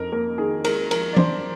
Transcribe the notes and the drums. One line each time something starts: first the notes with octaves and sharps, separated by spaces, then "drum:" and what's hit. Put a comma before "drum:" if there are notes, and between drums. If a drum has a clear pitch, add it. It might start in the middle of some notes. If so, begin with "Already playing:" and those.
Already playing: F2 D#4 A#4
A#3 A#4
D#3 G#4
G#3 A#4, drum: cymbal
F3 A#4, drum: cymbal
D5
D4 C5, drum: tom E3